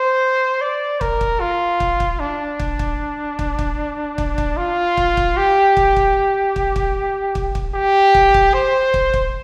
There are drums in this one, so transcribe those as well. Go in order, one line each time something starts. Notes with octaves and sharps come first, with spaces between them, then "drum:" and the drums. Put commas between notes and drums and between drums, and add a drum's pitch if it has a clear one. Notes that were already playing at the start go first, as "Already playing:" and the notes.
Already playing: C5
D5
A#4, drum: kick
drum: kick
F4
drum: kick
drum: kick
D4
drum: kick
drum: kick
drum: kick
drum: kick
drum: kick
drum: kick
F4
drum: kick
drum: kick
G4
drum: kick
drum: kick
drum: kick
drum: kick
drum: kick
drum: kick
G4
drum: kick
drum: kick
C5
drum: kick
drum: kick